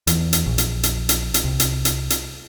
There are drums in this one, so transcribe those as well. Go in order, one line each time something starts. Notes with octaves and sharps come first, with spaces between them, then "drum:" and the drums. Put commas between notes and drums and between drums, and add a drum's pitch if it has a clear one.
E2, drum: hi-hat
drum: hi-hat
A#1
drum: hi-hat
drum: hi-hat
drum: hi-hat
drum: hi-hat
C2
drum: hi-hat
drum: hi-hat
drum: hi-hat